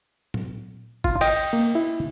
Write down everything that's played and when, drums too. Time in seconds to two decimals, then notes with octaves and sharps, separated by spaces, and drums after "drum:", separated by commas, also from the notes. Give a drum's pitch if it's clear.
0.34 drum: tom
1.04 F4, drum: kick
1.21 D#5 G5, drum: cymbal
1.53 A#3
1.75 E4